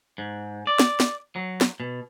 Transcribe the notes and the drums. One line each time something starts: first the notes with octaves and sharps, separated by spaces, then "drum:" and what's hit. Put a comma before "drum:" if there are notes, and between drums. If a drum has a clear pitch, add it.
G#2
D5
drum: snare
drum: snare
F#3
drum: snare
B2